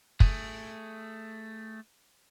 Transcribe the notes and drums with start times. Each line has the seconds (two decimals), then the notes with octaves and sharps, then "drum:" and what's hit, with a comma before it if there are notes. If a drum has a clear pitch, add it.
0.20 A3 G#4, drum: kick